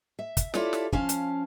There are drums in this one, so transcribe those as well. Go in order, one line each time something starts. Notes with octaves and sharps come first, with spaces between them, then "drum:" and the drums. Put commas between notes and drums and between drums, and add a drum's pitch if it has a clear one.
E5
drum: kick, hi-hat
E4 F4 G4 A4 C#5 D5, drum: snare
drum: snare
F3 C#4 F5 A5, drum: kick
drum: hi-hat